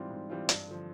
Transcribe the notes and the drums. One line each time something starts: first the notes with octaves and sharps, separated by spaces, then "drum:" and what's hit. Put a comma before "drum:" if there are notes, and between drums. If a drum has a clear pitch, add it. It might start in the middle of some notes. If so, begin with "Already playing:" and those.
Already playing: G#2 E3 G3 C4 F4
G#2
E3 G3 C4 F4
G2, drum: hi-hat
D3 F3